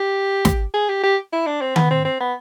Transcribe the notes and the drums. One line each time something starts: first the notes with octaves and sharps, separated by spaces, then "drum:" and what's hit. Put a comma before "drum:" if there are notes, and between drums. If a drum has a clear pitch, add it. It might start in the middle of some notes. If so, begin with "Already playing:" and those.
Already playing: G4
drum: snare
G#4
G4
G4
E4
D4
C4
B3, drum: tom D#3
C4
C4
B3